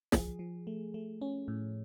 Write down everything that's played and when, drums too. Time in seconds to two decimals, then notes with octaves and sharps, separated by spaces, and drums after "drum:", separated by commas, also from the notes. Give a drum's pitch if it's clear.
0.12 F3 G#4, drum: snare
0.39 F3
0.67 A3
0.94 A3
1.22 C#4
1.48 A2